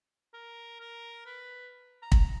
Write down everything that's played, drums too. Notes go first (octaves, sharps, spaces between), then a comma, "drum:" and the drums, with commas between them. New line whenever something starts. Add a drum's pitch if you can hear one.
A#4
A#4
B4
A#5
drum: kick